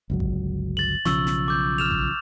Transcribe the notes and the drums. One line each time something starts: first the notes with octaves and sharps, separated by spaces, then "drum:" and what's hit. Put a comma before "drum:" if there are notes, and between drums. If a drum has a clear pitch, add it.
G1 C#2 F#3
drum: kick A1
A6 F#7
B1 C#3 F3 C#6 E6, drum: snare
drum: snare
D6 G6
F6 E7 F7
drum: kick A1